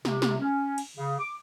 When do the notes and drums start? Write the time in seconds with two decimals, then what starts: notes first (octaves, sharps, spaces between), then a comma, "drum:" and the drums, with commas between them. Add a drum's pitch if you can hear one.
0.05 C3, drum: snare
0.22 drum: snare
0.40 C#4
0.78 drum: cymbal
0.97 C#3
1.19 D6